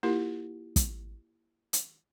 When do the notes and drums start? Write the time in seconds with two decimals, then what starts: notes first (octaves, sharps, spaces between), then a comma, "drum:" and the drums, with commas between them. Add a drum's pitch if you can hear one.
0.03 A#3 E4 F4 G4 A#4
0.76 drum: kick, hi-hat
1.73 drum: hi-hat